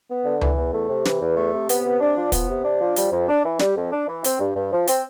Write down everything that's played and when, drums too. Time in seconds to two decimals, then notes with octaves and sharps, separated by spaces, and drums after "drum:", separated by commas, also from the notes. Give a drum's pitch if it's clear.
0.10 B3
0.24 D3
0.41 E3, drum: tom C#2
0.58 E2
0.73 A3
0.88 C3
1.05 E3, drum: snare
1.21 E2
1.36 A3
1.53 C3
1.69 B3, drum: hi-hat
1.85 C3
2.00 D4
2.17 F3
2.32 B3, drum: kick, hi-hat
2.48 C3
2.64 D4
2.80 F3
2.96 G3, drum: hi-hat
3.11 F2
3.29 D4
3.45 E3
3.59 G3, drum: snare
3.76 F2
3.92 D4
4.08 E3
4.24 C4, drum: hi-hat
4.40 G2
4.55 G2
4.72 F3
4.87 C4, drum: hi-hat